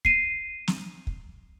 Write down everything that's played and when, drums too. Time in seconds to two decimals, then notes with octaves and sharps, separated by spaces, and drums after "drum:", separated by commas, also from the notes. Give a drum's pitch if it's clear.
0.05 C7 D#7, drum: kick
0.68 drum: snare
1.07 drum: kick